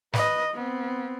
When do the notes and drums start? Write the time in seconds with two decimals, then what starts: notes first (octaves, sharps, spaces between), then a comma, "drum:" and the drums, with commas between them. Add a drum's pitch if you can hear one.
0.13 B4 D#5, drum: snare
0.54 B3 C4